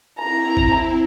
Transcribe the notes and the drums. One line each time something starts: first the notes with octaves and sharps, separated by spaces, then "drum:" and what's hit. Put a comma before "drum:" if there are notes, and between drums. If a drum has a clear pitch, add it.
C4 E4 A#5
drum: kick